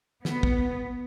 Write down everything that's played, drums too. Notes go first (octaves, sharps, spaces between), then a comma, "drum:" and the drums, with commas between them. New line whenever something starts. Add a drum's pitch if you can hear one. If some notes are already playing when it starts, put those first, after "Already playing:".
B3, drum: snare
drum: kick